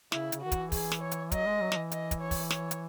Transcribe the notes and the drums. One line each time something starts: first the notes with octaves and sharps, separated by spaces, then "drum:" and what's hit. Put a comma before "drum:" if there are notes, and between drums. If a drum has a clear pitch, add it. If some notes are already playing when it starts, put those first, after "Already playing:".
C#3 E4, drum: snare
C#3, drum: hi-hat
D#3 F#4
E3, drum: kick, hi-hat
G#4, drum: kick, open hi-hat
drum: snare
C#5
drum: hi-hat
F#3 D#5, drum: kick, hi-hat
G#3
F#3
F#3, drum: snare
E3
D#5, drum: hi-hat
drum: kick, hi-hat
C#5
drum: kick, open hi-hat
C#5, drum: snare
drum: hi-hat